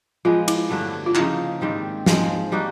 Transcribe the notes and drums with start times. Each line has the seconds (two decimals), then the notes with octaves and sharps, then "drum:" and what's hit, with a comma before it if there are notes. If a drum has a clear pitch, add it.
0.25 F3 G#3 B3 F4
0.48 E4, drum: cymbal
0.70 G2 D3 F#3 A3
1.06 F4
1.15 C#3 F3 A#3 D#4 E4, drum: clap
1.61 G#2 D#3 G3 C4
2.06 G#2 F3 G#3, drum: snare
2.52 G3 A#3 D#4 F#4